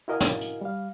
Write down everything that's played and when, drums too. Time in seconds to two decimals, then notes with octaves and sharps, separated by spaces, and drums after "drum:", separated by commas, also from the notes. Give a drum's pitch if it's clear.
0.08 E4 F#4 A#4 D#5 F5 G#5
0.20 drum: snare
0.41 drum: hi-hat
0.61 G3 F5